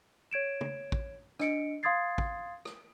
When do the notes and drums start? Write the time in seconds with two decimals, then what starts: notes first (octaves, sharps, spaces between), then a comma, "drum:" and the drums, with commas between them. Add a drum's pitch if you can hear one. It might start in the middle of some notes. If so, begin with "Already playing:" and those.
0.31 C#5 G#6 D7 E7
0.61 drum: tom
0.92 drum: kick
1.39 D4 D#5 C#7 D7, drum: rim click
1.83 F5 C6 D#6 G#6 A6 C7
2.18 drum: kick
2.65 drum: rim click